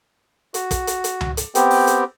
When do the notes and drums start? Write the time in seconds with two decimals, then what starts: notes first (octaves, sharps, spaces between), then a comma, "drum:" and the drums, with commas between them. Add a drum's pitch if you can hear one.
0.54 F#4, drum: hi-hat
0.71 drum: kick, hi-hat
0.87 drum: hi-hat
1.04 drum: hi-hat
1.21 drum: tom C#2
1.37 drum: hi-hat
1.55 B3 C4 G4, drum: hi-hat
1.70 drum: open hi-hat
1.87 drum: hi-hat